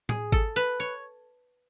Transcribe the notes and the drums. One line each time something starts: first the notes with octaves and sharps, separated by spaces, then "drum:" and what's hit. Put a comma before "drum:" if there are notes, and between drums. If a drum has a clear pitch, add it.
G#4, drum: tom A2
A4, drum: kick G#1
B4
C#5